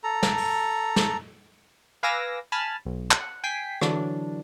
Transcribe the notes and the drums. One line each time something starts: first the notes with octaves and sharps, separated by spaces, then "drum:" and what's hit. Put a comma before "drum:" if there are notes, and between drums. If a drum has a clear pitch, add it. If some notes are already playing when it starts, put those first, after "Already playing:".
A4 A#5
drum: snare
drum: open hi-hat
drum: snare
B4 F5 G#5 D6 E6 A#6
G#5 A5 B5 F6 A6
B1
drum: clap
F#5
G5 G#5 B6 C7
D3 E3 F#3 D4, drum: rim click